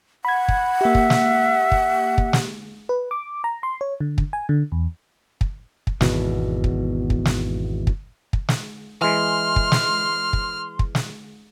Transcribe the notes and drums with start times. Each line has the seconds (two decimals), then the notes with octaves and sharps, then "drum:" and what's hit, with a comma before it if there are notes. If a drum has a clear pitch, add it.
0.25 F#5 B5 G#6
0.49 drum: kick
0.81 A#3 G4 E5
0.95 drum: kick
1.10 drum: snare
1.72 drum: kick
2.18 drum: kick
2.33 drum: snare
2.89 B4
3.11 D6
3.44 A#5
3.63 C6
3.81 C#5
4.00 D3
4.18 drum: kick
4.33 G#5
4.49 D3
4.72 E2
5.41 drum: kick
5.87 drum: kick
6.01 G#1 E2 B2, drum: snare
6.64 drum: kick
7.10 drum: kick
7.25 drum: snare
7.87 drum: kick
8.33 drum: kick
8.49 drum: snare
9.01 E3 G#3 C6 F6
9.56 drum: kick
9.72 drum: snare
10.33 drum: kick
10.79 drum: kick
10.95 drum: snare